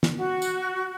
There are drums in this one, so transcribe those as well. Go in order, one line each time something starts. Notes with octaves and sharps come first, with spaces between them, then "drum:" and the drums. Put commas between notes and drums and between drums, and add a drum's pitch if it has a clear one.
drum: snare
F#4
drum: tambourine